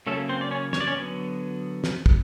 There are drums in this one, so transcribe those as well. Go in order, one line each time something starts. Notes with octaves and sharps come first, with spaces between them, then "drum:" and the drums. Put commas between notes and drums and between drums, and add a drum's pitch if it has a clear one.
C#3 F#3 A3 A#3 C#4 A4
C4 C5
D5
C#4 C#5
C#5, drum: snare
D5
C#4 C#5
D3 F#3 B3
drum: snare
drum: kick